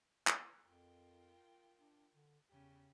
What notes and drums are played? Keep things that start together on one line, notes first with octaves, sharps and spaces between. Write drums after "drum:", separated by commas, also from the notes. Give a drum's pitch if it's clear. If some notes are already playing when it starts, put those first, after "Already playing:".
drum: clap
F2 F4 A#4 G5
D4
D3
E2 C#3 G4